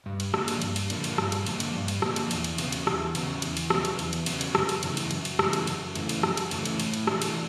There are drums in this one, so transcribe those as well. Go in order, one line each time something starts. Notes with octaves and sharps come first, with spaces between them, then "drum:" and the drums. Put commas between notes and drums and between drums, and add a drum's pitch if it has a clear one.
G2
drum: cymbal
D3 F3 A#3 D4, drum: rim click
drum: cymbal
G2, drum: cymbal
drum: cymbal
D3 F3 A#3 D4, drum: cymbal
drum: cymbal
G2, drum: rim click
drum: cymbal
D3 F3 A#3 D4, drum: cymbal
drum: cymbal
G2
drum: cymbal
D3 F3 A#3 D4, drum: rim click
drum: cymbal
E2, drum: cymbal
drum: cymbal
C#3 F#3 B3, drum: cymbal
drum: cymbal
E2, drum: rim click
C#3 F#3 B3, drum: cymbal
E2, drum: cymbal
drum: cymbal
C#3 F#3 B3, drum: rim click
drum: cymbal
E2, drum: cymbal
drum: cymbal
C#3 F#3 B3, drum: cymbal
drum: cymbal
F#2, drum: rim click
drum: cymbal
C#3 E3 A3, drum: cymbal
drum: cymbal
F#2, drum: cymbal
drum: cymbal
C#3 E3 A3, drum: rim click
drum: cymbal
F#2, drum: cymbal
C#3 E3 A3, drum: cymbal
drum: cymbal
F#2, drum: rim click
drum: cymbal
C#3 E3 A3, drum: cymbal
drum: cymbal
A2, drum: cymbal
drum: cymbal
E3 A3 D4, drum: rim click
drum: cymbal